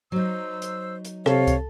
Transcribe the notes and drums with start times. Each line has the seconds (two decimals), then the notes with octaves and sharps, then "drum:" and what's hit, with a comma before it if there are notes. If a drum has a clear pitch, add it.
0.12 F#3 D#4 C5 E6
0.62 drum: hi-hat
1.05 drum: hi-hat
1.26 C3 A4 C#5 F5, drum: rim click
1.47 drum: kick, hi-hat